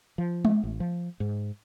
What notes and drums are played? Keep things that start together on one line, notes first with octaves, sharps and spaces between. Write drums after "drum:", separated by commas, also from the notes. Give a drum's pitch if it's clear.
F3
drum: tom G#3
A1
F3
G#2